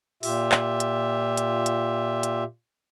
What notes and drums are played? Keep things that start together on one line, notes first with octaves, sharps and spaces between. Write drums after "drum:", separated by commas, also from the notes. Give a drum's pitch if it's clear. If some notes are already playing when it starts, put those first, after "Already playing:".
A#2 F4 G4 E5, drum: open hi-hat
drum: clap
drum: hi-hat
drum: hi-hat
drum: hi-hat
drum: hi-hat